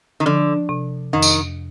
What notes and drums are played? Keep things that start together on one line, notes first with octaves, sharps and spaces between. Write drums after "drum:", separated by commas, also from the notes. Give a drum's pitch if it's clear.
D#3
D3 F3
C3
F2 D#3
drum: tambourine